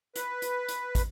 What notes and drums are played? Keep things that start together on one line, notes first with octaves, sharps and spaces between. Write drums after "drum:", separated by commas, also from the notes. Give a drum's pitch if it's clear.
B4, drum: hi-hat
drum: hi-hat
drum: hi-hat
drum: kick, hi-hat